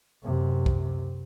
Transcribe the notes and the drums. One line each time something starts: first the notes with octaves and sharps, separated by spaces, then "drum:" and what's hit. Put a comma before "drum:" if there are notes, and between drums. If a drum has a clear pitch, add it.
F#2 C3
drum: kick